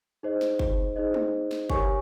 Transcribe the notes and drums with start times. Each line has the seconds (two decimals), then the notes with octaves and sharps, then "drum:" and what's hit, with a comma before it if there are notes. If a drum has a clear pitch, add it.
0.23 D#4 G#4 C5 D#5
0.41 drum: snare
0.59 drum: kick
0.96 D#4 G#4 C5 D#5
1.14 drum: tom
1.51 drum: snare
1.70 G4 A#4 C#5 G#5 C#6, drum: kick